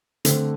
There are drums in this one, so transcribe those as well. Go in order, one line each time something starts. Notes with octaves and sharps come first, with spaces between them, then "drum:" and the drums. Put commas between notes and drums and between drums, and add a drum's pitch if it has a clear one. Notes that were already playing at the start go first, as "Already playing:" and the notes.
D3 A3 C4, drum: hi-hat